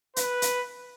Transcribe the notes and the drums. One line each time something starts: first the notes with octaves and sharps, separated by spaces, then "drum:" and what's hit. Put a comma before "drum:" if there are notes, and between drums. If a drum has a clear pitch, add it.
B4, drum: hi-hat
drum: hi-hat